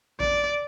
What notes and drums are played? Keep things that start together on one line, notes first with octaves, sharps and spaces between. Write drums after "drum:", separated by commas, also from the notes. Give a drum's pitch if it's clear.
D5, drum: kick A1